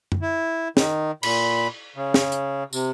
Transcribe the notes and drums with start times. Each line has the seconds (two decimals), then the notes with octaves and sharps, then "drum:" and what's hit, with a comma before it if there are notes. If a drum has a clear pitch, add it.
0.12 drum: tom F#2
0.22 E4
0.77 D#3, drum: snare
1.23 A#2 B5, drum: cymbal
1.96 C#3
2.14 drum: snare
2.32 drum: hi-hat
2.73 C3, drum: tambourine